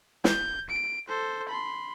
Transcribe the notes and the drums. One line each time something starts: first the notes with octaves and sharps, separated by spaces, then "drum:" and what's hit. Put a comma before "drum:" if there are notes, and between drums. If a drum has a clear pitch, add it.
G6, drum: snare
D7
A4 C5
B5 C6